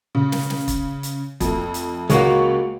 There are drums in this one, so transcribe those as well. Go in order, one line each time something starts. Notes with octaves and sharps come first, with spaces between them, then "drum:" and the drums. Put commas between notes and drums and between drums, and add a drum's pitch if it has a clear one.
C#3
drum: snare
drum: snare
drum: kick, hi-hat
drum: hi-hat
F2 A3, drum: kick, hi-hat
drum: hi-hat
C#2 G#3 A#3 F#4 C#5 C#6, drum: hi-hat